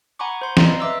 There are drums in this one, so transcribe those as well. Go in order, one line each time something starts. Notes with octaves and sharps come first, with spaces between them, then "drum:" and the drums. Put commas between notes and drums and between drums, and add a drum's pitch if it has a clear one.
F#5 G#5 A#5 B5 C#6 D6
C5 C6
D5 D#5 F5 A#5 C6, drum: snare
B4 E5 D6 E6